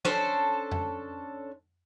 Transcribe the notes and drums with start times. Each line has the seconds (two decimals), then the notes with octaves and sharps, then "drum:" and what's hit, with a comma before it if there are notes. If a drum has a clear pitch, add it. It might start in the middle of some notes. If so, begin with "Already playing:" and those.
0.05 C#4 D4 A4 C5, drum: snare
0.71 drum: tom F2